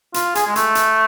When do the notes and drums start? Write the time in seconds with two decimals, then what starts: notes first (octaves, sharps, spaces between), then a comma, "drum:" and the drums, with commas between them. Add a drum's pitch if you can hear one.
0.14 F4, drum: hi-hat
0.35 G#4, drum: hi-hat
0.47 G#3
0.56 A3, drum: hi-hat
0.75 drum: hi-hat